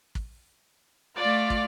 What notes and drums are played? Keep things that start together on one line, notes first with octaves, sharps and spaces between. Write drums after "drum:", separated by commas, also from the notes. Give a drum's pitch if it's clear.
drum: kick
A3 F4 D5
drum: kick